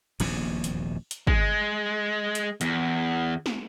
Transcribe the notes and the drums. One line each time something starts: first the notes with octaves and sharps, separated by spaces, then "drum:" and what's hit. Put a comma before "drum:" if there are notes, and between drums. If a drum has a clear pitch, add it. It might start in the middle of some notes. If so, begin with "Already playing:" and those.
D#1 A#1 E2 C3, drum: cymbal
drum: hi-hat
drum: hi-hat
G#3, drum: kick
drum: hi-hat
E2, drum: hi-hat
drum: snare